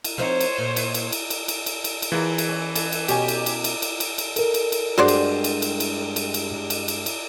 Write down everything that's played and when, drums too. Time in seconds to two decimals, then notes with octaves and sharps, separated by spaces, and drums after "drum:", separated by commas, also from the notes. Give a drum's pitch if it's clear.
0.04 drum: cymbal
0.18 F3 C4 D#4 C5 C#5
0.40 drum: cymbal
0.58 A#2
0.76 drum: cymbal
0.94 drum: cymbal
1.12 drum: cymbal
1.30 drum: cymbal
1.48 drum: cymbal
1.66 drum: cymbal
1.84 drum: cymbal
2.02 drum: cymbal
2.12 E3 F4 G#4 A#4
2.38 drum: cymbal
2.49 C#4
2.75 A4, drum: cymbal
2.92 drum: cymbal
3.08 B2 C#4 G4 G#5, drum: cymbal
3.28 drum: cymbal
3.46 drum: cymbal
3.64 drum: cymbal
3.82 drum: cymbal
4.00 drum: cymbal
4.18 drum: cymbal
4.36 A4 A#4, drum: cymbal
4.54 drum: cymbal
4.72 drum: cymbal
4.98 G2 G3 G#3 F#4 C5 D5
5.08 drum: cymbal
5.44 drum: cymbal
5.62 drum: cymbal
5.80 drum: cymbal
6.16 drum: cymbal
6.34 drum: cymbal
6.70 drum: cymbal
6.88 drum: cymbal
7.06 drum: cymbal